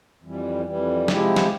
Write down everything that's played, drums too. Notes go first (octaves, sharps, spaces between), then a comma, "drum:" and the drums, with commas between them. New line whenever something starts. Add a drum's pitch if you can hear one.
F2 E3 G3
F2 E3 G3
C3 F3 G#3 E4 G4, drum: snare
drum: snare